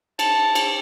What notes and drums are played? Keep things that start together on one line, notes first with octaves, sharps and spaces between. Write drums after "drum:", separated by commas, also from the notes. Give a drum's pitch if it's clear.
A5, drum: cymbal
drum: cymbal